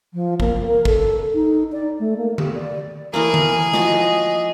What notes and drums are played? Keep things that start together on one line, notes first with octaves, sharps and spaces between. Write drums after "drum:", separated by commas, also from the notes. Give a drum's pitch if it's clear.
F3
A#3, drum: kick
A#4
A4, drum: kick
D#4
D5
A3
A#3
G4, drum: tom D3
D5
E3 A3 A#3 G#4 A#4
drum: tom D3
F3 F#4 D#5, drum: snare